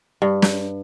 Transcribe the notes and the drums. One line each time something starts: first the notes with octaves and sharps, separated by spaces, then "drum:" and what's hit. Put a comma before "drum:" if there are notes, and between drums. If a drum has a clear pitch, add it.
G2
drum: snare